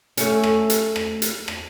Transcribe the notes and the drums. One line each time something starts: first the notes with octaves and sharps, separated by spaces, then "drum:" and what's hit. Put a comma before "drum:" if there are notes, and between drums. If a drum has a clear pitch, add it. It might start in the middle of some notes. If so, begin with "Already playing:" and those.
A3 C#4, drum: hi-hat
drum: rim click
drum: hi-hat
drum: rim click
drum: hi-hat
drum: rim click